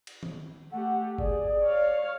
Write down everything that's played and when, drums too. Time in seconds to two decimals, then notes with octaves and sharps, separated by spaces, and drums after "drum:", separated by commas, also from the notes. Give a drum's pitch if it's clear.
0.07 drum: cymbal
0.23 drum: tom D#3
0.72 A3 G4 F#5
1.18 G#4 D5, drum: kick G1
1.64 C#5 F5